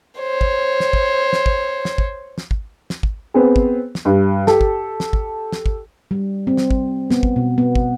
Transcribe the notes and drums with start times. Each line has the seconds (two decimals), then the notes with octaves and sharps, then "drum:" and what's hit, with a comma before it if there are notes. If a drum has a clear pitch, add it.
0.20 C5 C#5
0.41 drum: kick
0.80 drum: snare
0.93 drum: kick
1.33 drum: snare
1.46 drum: kick
1.85 drum: snare
1.98 drum: kick
2.38 drum: snare
2.51 drum: kick
2.90 drum: snare
3.03 drum: kick
3.34 B3 C4 G#4
3.56 drum: kick
3.95 drum: snare
4.05 G2
4.47 G4 A4, drum: snare
4.61 drum: kick
5.00 drum: snare
5.13 drum: kick
5.52 drum: snare
5.66 drum: kick
6.11 G3
6.47 C4
6.57 drum: snare
6.71 drum: kick
7.11 B3, drum: snare
7.23 drum: kick
7.36 B2
7.58 B3
7.75 drum: kick